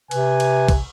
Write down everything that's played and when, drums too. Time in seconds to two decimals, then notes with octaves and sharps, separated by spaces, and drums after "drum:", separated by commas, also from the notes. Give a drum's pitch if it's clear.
0.11 C3 B4 G#5, drum: cymbal
0.40 drum: cymbal
0.69 drum: kick B1, cymbal